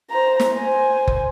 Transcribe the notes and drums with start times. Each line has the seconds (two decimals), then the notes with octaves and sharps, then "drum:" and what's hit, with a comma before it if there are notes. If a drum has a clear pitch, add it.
0.10 C5 A#5
0.40 drum: snare
0.57 C5 G#5
1.07 drum: kick F#1